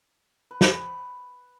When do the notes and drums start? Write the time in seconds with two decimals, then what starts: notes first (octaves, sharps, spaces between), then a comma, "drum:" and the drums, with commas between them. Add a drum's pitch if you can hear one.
0.51 B4
0.61 drum: snare